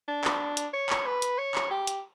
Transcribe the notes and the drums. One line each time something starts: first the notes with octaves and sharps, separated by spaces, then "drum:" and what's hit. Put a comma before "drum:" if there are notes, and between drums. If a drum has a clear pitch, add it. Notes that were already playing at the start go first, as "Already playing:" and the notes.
D4
drum: clap
drum: hi-hat
C#5
drum: clap
B4
drum: hi-hat
C#5
drum: clap
G4
drum: hi-hat